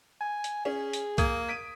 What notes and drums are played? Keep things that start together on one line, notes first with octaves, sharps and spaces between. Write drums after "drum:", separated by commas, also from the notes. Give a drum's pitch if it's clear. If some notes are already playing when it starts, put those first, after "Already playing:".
G#5
drum: hi-hat
C#4 G#4
drum: hi-hat
A#3 D#6 G#6, drum: kick C2, hi-hat
B6 D7 D#7